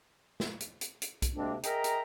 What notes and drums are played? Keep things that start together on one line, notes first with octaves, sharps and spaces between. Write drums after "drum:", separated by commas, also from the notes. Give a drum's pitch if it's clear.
drum: snare
drum: hi-hat
drum: hi-hat
drum: hi-hat
drum: kick B1, hi-hat
D2 C3 G#3 A#3 C4 D4
G#4 A#4 D#5 E5 G5 A#5, drum: hi-hat
drum: hi-hat